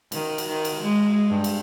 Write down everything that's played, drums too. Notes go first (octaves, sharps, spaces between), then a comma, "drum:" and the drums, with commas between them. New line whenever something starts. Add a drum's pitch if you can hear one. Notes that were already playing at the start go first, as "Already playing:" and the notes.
D#3, drum: cymbal
drum: cymbal
D#3
drum: cymbal
G#3
G2
drum: cymbal